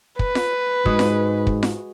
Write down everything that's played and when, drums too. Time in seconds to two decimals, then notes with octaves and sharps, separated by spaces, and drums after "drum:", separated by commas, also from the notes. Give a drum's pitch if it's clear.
0.19 B4, drum: kick
0.35 drum: snare F4
0.86 G#2 G#3 F#4 D#6, drum: kick
0.99 drum: snare F4
1.47 drum: kick
1.63 drum: snare F4